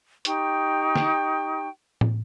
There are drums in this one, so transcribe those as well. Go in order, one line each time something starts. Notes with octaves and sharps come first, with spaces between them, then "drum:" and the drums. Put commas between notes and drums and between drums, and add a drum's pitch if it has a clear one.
D#4 G4 G5 C#6, drum: hi-hat
drum: snare
drum: tom